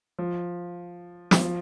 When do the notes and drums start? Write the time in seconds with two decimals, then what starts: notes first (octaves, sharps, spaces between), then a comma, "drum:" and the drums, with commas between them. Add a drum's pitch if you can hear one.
0.19 F3
1.31 drum: snare
1.41 F3